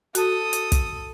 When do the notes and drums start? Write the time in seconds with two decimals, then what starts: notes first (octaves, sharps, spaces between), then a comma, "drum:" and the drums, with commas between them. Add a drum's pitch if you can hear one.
0.15 F#4 A4 A5 D#6, drum: hi-hat
0.53 drum: hi-hat
0.72 drum: kick, hi-hat